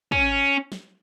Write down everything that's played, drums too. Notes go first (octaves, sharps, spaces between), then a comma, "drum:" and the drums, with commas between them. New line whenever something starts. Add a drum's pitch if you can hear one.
C#4, drum: kick
drum: snare